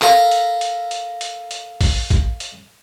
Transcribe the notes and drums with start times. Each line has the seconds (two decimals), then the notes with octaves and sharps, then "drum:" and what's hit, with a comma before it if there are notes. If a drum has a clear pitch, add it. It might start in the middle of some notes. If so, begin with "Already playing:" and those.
0.02 A4 A#4 E5 F5 A#5, drum: clap
0.31 drum: hi-hat
0.61 drum: hi-hat
0.91 drum: hi-hat
1.21 drum: hi-hat
1.51 drum: hi-hat
1.81 drum: kick, open hi-hat
2.10 drum: kick, hi-hat
2.40 drum: hi-hat